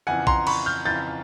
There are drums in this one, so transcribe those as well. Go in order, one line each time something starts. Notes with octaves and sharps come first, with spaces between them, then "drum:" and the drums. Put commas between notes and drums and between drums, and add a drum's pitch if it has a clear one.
F2 C#3 E3 F#5 G#5
A#5 C6, drum: kick A#1
B5 C#6, drum: cymbal
F6 G6
F2 C#3 E3 G6 A6